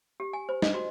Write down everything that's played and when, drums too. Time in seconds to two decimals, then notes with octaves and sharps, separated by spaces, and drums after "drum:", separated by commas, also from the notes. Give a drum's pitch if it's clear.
0.20 G4
0.33 G#5
0.49 C5
0.62 D#5, drum: snare
0.74 F#4